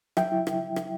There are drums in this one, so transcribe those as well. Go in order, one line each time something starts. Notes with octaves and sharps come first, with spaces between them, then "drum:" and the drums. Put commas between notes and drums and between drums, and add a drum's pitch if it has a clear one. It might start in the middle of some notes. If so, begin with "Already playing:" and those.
F#3 E5 G5, drum: rim click
E4
drum: rim click
drum: rim click